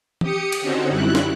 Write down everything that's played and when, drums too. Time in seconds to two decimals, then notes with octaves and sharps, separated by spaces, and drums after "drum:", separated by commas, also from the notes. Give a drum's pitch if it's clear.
0.21 G4 D#6 C#7, drum: tom
0.52 drum: cymbal
0.62 D3 C4 C#4 D#4 F#4
0.90 F#2 G3 E4 F#6
1.15 drum: snare